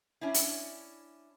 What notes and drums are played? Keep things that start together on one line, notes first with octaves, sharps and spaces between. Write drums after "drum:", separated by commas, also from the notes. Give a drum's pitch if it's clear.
C#4 D4 E4
drum: hi-hat